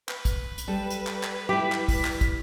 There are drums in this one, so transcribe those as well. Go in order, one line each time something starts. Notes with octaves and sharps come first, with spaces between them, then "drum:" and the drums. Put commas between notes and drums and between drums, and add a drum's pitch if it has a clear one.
B4, drum: clap
drum: kick, hi-hat
drum: hi-hat
G3 A4
drum: hi-hat
drum: clap
drum: clap
G3 E4 G4 B6
drum: clap
drum: kick, open hi-hat
drum: clap
drum: kick, hi-hat